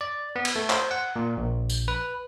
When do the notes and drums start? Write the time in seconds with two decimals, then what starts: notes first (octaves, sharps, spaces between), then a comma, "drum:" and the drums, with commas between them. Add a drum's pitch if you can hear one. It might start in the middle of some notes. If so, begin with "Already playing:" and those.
0.01 D5
0.36 B3
0.45 drum: cymbal
0.56 A3
0.70 C5, drum: clap
0.91 F#5
1.16 A#2
1.37 A#1
1.70 drum: tambourine
1.88 B4